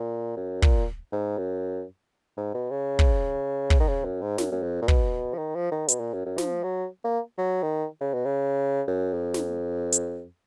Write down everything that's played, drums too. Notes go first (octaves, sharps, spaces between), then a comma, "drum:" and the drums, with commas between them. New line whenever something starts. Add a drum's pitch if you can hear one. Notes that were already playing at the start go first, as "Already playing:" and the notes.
Already playing: A#2
F#2
A#2, drum: kick
G#2
F#2
G#2
B2
C#3
drum: kick
drum: kick
D#3
C#3
F#2
G#2
F#2, drum: snare
F#2
F2
A#2
B2, drum: kick
F3
D#3
F3
D#3
B2, drum: hi-hat
A#2
F#2
F#2
F3, drum: snare
F#3
A#3
F#3
D#3
C#3
B2
C#3
F#2
F2
drum: snare
drum: hi-hat